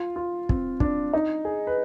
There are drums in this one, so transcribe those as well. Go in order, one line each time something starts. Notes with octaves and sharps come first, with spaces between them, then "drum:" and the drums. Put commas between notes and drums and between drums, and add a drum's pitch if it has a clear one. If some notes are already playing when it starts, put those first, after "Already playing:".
Already playing: F4
F4
C4, drum: kick
D4, drum: kick
D#4
G#4
B4